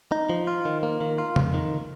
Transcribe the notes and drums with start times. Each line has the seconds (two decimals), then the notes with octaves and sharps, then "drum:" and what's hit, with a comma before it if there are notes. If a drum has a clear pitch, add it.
0.12 D#4
0.30 F3
0.47 F4
0.65 D#3
0.83 A#3
1.01 D#3
1.18 F4
1.36 F2, drum: tom C#3
1.54 D#3